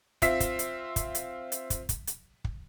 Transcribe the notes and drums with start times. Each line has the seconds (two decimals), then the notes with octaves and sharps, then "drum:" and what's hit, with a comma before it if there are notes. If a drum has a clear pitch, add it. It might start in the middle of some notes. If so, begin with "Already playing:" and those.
0.22 C4 F4 E5 B6, drum: kick, hi-hat
0.40 drum: kick, hi-hat
0.59 drum: hi-hat
0.96 drum: kick, hi-hat
1.15 drum: hi-hat
1.52 drum: hi-hat
1.70 drum: kick, hi-hat
1.89 drum: kick, hi-hat
2.07 drum: hi-hat
2.44 drum: kick